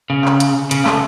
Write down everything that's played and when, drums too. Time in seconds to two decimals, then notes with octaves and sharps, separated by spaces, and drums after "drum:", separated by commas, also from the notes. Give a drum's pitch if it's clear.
0.10 C#3
0.25 drum: clap
0.40 drum: hi-hat
0.71 C#3, drum: hi-hat
0.86 A3, drum: clap